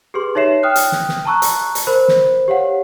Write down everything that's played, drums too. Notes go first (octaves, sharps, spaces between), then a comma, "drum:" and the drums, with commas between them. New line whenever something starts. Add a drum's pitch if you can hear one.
G4 G#4 B4 C6
D#4 C#5 E5 C7 E7
G5 D#6 F6 F#6
drum: hi-hat
drum: snare
drum: snare
A5 A#5 C#6 E6 F#6
drum: hi-hat
drum: hi-hat
A#4 C5 B5
drum: snare
G4 C#5 F5 F#5